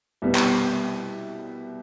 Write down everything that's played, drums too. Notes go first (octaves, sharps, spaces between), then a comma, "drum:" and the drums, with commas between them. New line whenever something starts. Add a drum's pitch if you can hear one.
C2 B2 G3 B3
drum: clap